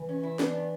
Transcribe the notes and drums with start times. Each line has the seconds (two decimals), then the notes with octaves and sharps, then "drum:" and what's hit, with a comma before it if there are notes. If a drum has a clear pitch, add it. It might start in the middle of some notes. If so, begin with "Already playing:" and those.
Already playing: E3
0.09 C#4
0.23 E4
0.39 D4, drum: snare
0.55 B3